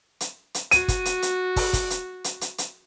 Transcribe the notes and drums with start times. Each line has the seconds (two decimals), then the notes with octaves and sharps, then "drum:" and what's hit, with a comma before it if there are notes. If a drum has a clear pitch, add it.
0.20 drum: hi-hat
0.54 drum: hi-hat
0.71 F#4 D#7, drum: hi-hat
0.88 drum: kick, hi-hat
1.05 drum: hi-hat
1.22 drum: hi-hat
1.56 drum: kick, open hi-hat
1.73 drum: kick, hi-hat
1.90 drum: hi-hat
2.24 drum: hi-hat
2.41 drum: hi-hat
2.58 drum: hi-hat